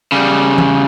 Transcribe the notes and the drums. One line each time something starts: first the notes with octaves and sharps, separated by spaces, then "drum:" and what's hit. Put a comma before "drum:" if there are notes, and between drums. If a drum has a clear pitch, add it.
C#3 G3
drum: tom E3